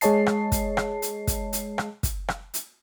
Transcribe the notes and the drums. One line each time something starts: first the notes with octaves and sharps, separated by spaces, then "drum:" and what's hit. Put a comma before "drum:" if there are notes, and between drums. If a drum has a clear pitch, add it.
G#3 G#4 C#5 D#5 A5 C7, drum: hi-hat
drum: rim click
drum: kick, hi-hat
drum: rim click
drum: hi-hat
drum: kick, hi-hat
drum: hi-hat
drum: rim click
drum: kick, hi-hat
drum: rim click
drum: hi-hat